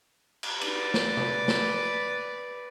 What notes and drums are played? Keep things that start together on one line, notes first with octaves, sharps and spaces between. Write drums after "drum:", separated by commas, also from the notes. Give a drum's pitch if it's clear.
drum: cymbal
B4 D5, drum: cymbal
drum: snare
drum: tom
drum: snare